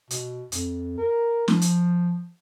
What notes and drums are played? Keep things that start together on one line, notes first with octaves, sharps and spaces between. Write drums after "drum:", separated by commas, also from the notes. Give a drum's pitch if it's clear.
B2, drum: hi-hat
F2, drum: hi-hat
A#4
F3, drum: snare
drum: hi-hat